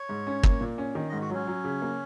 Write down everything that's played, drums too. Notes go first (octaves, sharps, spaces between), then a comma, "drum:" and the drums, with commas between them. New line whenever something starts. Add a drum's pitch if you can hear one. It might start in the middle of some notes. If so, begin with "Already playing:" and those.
Already playing: C#5
G#2
C#4
A#3, drum: kick
A#2
C#4
D#3
G#2 D#5
F#4
F#3 C#4
F#3
C#3
A#3